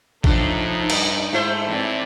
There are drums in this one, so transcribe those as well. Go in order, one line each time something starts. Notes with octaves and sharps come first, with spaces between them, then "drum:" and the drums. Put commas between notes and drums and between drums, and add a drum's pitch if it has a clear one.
A2 F3 A3 D4 D#4, drum: kick A1
G2, drum: cymbal
G#2 A3 E4 C5
A2 E3 C4 D5